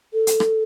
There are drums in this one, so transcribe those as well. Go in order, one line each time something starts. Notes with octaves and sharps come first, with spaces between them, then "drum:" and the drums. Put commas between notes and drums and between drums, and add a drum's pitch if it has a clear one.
A4
drum: hi-hat
drum: rim click